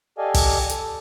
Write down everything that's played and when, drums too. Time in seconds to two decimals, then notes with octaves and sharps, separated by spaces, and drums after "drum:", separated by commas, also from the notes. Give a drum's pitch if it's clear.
0.18 G4 A4 D5 D#5 F5 G#5
0.34 drum: kick, open hi-hat
0.69 A4, drum: hi-hat